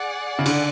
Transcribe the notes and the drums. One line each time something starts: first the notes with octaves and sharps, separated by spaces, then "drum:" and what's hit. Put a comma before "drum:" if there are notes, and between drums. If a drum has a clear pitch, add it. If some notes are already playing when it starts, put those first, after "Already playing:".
Already playing: G#4 D5 F#5
C#3
D3, drum: cymbal